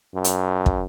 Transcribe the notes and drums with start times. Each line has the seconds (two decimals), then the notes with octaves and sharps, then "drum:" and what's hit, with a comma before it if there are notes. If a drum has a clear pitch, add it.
0.15 F#2
0.24 drum: hi-hat
0.66 drum: kick